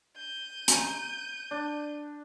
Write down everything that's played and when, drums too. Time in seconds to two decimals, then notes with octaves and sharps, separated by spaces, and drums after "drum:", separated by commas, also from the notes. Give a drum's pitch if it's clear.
0.16 G6 D#7
0.68 G#5 A#5, drum: hi-hat
1.51 D4